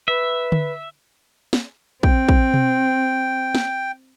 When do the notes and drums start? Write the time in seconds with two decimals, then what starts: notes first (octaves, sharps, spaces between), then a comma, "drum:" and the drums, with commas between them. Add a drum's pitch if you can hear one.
0.08 B4 E5
0.52 drum: tom D3
1.53 drum: snare
2.03 C4 G5, drum: kick
2.29 drum: kick
2.54 drum: tom B2
3.55 drum: snare